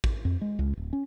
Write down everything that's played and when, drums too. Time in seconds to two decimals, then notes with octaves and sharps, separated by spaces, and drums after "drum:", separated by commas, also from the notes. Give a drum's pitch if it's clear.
0.04 drum: kick
0.25 F2
0.41 G#3
0.59 C#2
0.77 D1
0.93 C#4